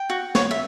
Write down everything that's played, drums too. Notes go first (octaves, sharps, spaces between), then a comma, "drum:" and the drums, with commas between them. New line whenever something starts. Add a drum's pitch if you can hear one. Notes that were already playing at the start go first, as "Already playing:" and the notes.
Already playing: G5
F#4
C#5, drum: snare
E5